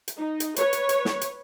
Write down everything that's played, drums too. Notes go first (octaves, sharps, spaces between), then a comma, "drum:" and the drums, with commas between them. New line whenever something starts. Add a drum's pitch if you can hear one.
drum: hi-hat
D#4
drum: hi-hat
B4 C#5, drum: hi-hat
drum: hi-hat
drum: hi-hat
drum: snare
drum: hi-hat